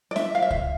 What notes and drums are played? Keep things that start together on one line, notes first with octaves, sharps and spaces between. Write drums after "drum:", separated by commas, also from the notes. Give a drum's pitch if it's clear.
D5
E5, drum: snare
F5
E5
F5, drum: kick C#2